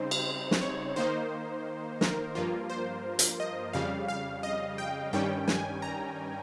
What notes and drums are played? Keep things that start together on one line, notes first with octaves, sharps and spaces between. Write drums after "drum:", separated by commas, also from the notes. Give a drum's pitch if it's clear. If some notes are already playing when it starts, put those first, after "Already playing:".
Already playing: C#3 G3 C4 D#4 C5
drum: cymbal
drum: snare
C#5
D#3 A#3 D#4 C5
A#4, drum: snare
G2 F3 A#3 F4
C5
drum: hi-hat
D#5
F2 C#3 G3 F5
F5
D#5
G5
G2 D#3 G3 C#4 G5
G#5, drum: snare
A#5